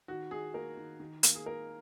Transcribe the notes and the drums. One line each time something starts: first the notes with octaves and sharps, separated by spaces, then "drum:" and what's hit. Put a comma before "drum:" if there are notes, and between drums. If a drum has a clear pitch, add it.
D#3 F#4
D#3 G#4
A#3 A#4
D#3
D#3
A#3, drum: hi-hat
G#4
A#3 A#4